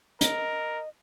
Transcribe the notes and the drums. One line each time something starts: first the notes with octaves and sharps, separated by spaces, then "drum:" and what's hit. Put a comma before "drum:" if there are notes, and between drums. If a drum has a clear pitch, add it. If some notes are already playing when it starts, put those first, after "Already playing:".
A#4 D#5, drum: hi-hat